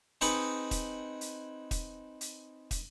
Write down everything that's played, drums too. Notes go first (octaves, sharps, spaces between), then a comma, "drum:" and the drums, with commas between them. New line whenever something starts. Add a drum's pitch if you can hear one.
C4 D#4 G#4 B4 D#5 F#5, drum: hi-hat
drum: kick, hi-hat
drum: hi-hat
drum: kick, hi-hat
drum: hi-hat
drum: kick, hi-hat